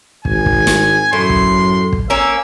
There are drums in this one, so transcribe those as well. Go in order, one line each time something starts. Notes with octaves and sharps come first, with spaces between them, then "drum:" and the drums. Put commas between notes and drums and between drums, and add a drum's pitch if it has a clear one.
G#1 G#5, drum: kick
drum: kick
drum: snare
F#2 A2 C6
drum: kick
drum: kick
A#3 C#4 A#4 E6